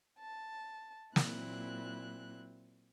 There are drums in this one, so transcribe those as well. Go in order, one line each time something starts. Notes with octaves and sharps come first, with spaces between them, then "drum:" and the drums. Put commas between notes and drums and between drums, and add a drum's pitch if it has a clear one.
A5
A#2 F#3 C4 E4 F#6, drum: snare